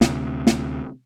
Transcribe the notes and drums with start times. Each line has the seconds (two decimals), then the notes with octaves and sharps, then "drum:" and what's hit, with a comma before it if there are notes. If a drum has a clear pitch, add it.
0.01 D2 C3, drum: snare
0.47 drum: snare